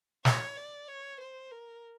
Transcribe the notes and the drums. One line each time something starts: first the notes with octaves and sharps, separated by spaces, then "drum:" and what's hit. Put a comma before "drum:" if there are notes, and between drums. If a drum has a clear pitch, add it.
C#5, drum: snare
D5
C#5
C5
A#4